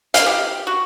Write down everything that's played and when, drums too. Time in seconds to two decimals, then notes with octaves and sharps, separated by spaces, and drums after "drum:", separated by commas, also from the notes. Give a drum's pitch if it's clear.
0.14 F5, drum: hi-hat
0.27 G4
0.67 F#4